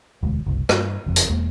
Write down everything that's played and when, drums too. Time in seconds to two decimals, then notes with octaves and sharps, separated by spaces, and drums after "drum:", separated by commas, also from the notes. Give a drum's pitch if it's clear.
0.23 E1 D2 G#3
0.46 F#1 C2
0.69 G2, drum: rim click
1.06 F#1 F2
1.16 drum: hi-hat
1.30 E1 E2 G#3 A#3